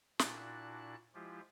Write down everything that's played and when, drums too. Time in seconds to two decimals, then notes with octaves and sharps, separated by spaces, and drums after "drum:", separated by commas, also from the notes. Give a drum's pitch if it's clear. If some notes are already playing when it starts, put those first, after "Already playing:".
0.19 A#2 D4 E4 F#4 A5 F#6, drum: snare
1.14 F3 G#3 E4 F4 G4